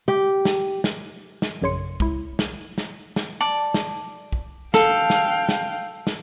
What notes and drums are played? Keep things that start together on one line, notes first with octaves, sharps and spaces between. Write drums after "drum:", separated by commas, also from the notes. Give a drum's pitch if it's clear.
G4
drum: snare
drum: snare
drum: snare
A#1 F#2 C#3 C#5 C6 C#7
C#2 E4, drum: kick
drum: snare
drum: snare
drum: snare
D5 A5
drum: snare
drum: kick
A4 F5 G5, drum: snare
drum: snare
drum: snare
drum: snare